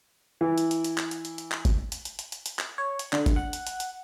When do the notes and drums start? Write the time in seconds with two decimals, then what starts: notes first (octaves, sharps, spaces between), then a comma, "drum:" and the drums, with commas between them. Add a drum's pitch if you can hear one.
0.41 E3
0.58 drum: hi-hat
0.71 drum: hi-hat
0.84 drum: hi-hat
0.98 drum: clap
1.11 drum: hi-hat
1.25 drum: hi-hat
1.38 drum: hi-hat
1.52 drum: clap
1.65 drum: kick G1, hi-hat
1.92 drum: hi-hat
2.05 drum: hi-hat
2.19 drum: hi-hat
2.32 drum: hi-hat
2.46 drum: hi-hat
2.59 drum: clap
2.78 C#5
2.99 drum: hi-hat
3.13 D3, drum: clap
3.26 drum: kick G1, hi-hat
3.36 F#5
3.53 drum: hi-hat
3.67 drum: hi-hat
3.80 drum: hi-hat